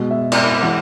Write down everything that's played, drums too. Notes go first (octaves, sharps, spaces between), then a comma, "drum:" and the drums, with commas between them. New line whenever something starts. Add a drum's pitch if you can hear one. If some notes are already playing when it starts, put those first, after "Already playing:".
Already playing: B2 G#3
E5
D5, drum: cymbal
E5
E3 G#3 F#5